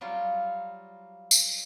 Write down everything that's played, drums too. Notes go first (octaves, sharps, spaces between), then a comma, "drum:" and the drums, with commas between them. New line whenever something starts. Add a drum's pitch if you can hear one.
F#3 G3 F4
drum: tambourine